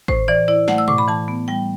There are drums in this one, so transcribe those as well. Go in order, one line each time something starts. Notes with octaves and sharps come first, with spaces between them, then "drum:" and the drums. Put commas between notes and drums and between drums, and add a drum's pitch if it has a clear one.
A2 C5, drum: kick G#1
E3 D5
E4 D5
A3 F#5, drum: snare
E6
A2 D6, drum: tom B2
B5
E3 A5
B3
G3 G5